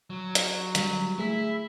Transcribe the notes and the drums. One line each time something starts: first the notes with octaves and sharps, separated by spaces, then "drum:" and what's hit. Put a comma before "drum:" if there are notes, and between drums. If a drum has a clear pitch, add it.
F#3
drum: hi-hat
D3 G3, drum: hi-hat
A3 E4 G#4 B6